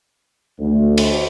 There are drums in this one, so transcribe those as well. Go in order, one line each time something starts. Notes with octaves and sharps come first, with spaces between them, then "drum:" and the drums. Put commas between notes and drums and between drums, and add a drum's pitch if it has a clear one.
D2
drum: cymbal